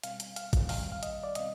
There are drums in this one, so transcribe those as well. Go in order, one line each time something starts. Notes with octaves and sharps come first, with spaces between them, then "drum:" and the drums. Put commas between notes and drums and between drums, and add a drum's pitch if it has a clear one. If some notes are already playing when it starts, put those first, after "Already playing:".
B2 G3 C4 F5, drum: hi-hat
drum: hi-hat
F5, drum: hi-hat
drum: kick, hi-hat
D#3 G3 C4 F5, drum: open hi-hat
F5
D#5, drum: hi-hat
D5
B2 G3 C4 D#5, drum: hi-hat